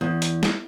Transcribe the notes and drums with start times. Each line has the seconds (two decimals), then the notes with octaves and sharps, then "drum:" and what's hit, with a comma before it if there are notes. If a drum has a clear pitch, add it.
0.01 E2
0.22 drum: hi-hat
0.43 drum: snare